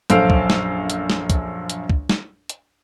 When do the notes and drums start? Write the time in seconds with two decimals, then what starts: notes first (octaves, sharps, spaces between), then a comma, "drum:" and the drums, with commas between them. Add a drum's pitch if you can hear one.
0.10 A#1 F#2 A4 C5 F5 D7, drum: hi-hat
0.30 drum: kick
0.50 drum: snare
0.90 drum: hi-hat
1.10 drum: snare
1.30 drum: kick, hi-hat
1.70 drum: hi-hat
1.90 drum: kick
2.09 drum: snare
2.49 drum: hi-hat